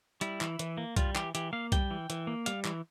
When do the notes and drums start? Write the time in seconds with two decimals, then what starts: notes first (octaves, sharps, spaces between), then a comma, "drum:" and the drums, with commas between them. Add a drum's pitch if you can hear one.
0.21 G3 E4, drum: hi-hat
0.41 E3, drum: clap
0.59 E3, drum: hi-hat
0.77 A#3
0.96 G3 F4, drum: kick B1, hi-hat
1.15 E3 G4, drum: clap
1.35 E3 G4, drum: hi-hat
1.53 A#3 F5
1.72 G3 G5, drum: kick B1, hi-hat
1.91 E3
2.10 E3, drum: hi-hat
2.27 A#3
2.46 G3 F5, drum: hi-hat
2.65 E3, drum: clap